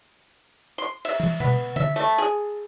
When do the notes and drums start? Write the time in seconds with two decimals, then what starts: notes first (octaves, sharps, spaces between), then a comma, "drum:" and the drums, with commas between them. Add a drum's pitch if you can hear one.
0.78 C6
1.05 E5, drum: cymbal
1.20 drum: tom
1.40 B3, drum: tom
1.76 E5, drum: tom D3
1.96 A3
2.18 G#4